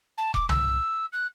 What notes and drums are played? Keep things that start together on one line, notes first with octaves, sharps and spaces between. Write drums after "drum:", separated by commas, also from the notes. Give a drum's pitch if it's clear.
A5
D6, drum: kick E1
E6, drum: tom C2
F#6